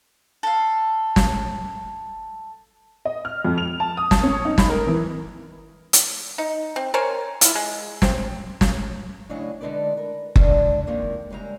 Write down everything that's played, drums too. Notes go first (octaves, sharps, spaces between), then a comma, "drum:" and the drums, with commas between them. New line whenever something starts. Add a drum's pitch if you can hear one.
A4 F5
drum: snare
D#5
F6
F2
F7
A5
D#6
A5, drum: snare
C#4
D#4
B5, drum: snare
A#4
E3
drum: hi-hat
D#4
C4
A#4 C5 C#5 G#5
E4 F4, drum: hi-hat
G#3
C4, drum: snare
drum: snare
A2 C#3 F#3 D4 D#5 G#5
D3 G#3 D#4 A4 B4 D5
A#4 B4
G2 D3 G#3 D4, drum: kick F#1
C3 D#3 F3 G#3 A#3
G#2 C#3 G3 G#3 E5 A#5